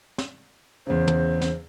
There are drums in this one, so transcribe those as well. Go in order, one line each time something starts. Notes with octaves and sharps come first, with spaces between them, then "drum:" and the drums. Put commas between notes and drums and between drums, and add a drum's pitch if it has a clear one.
drum: snare
E2 C#3 C5
drum: tom
drum: snare